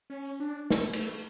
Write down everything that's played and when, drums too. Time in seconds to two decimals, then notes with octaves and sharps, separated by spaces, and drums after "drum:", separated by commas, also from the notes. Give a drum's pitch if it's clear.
0.10 C#4
0.40 D4
0.70 A3, drum: snare
0.93 A3, drum: cymbal